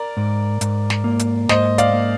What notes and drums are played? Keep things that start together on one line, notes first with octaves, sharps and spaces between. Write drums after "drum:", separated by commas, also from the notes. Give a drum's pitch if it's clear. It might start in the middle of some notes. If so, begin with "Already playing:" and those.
Already playing: A#4 D5
G#2
G#2, drum: hi-hat
drum: snare
A#3
drum: hi-hat
G#2 C5 D#5, drum: snare
D5 F5, drum: hi-hat
A#3